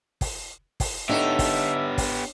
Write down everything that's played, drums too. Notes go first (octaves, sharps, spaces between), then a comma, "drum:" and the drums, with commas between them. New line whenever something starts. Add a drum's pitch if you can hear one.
drum: kick, open hi-hat
drum: kick, open hi-hat
B3 D4 D#4 G4 A4 C#5 E5
drum: kick, open hi-hat
drum: kick, open hi-hat